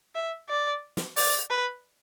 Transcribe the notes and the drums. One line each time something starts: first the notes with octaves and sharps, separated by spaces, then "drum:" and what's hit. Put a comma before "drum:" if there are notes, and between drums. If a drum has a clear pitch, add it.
E5
D5
drum: snare
D5, drum: open hi-hat
B4